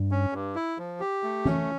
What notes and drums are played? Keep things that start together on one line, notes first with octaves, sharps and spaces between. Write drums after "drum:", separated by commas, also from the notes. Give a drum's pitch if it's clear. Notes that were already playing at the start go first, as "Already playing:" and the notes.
Already playing: G2
C#4
G2
E4
F3
G4
A3
C#4, drum: tom